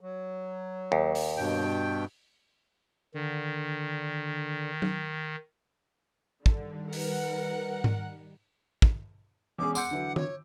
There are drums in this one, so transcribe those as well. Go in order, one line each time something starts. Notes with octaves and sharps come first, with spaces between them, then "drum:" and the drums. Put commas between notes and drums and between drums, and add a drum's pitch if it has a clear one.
F#3
D#2
drum: open hi-hat
G2 B2 G5
D3 D#3
drum: tom F#3
D3 D#3 G3, drum: kick
A#4 B4 F#5, drum: open hi-hat
drum: tom G#2
drum: kick
E1 E2 C#4 G#4 D6
F#5 C6 D6 E6 G6, drum: tambourine
D3 E3 F#3
C#5, drum: tom D#3